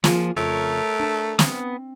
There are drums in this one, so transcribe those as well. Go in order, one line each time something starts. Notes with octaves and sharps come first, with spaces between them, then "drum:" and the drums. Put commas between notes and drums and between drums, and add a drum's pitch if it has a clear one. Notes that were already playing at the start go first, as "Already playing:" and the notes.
F3 A#3 F4 G#4, drum: snare
F2 C#3 F3 A3 A#4 C#5
D4 A5
B3 C4 D#6, drum: snare